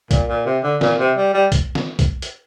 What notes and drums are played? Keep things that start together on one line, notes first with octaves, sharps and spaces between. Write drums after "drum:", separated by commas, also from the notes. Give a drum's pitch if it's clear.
A#2, drum: kick, hi-hat
A#2
C3
D3
A#2, drum: snare
C3
G3
G3
drum: kick, hi-hat
drum: snare
drum: kick, hi-hat
drum: hi-hat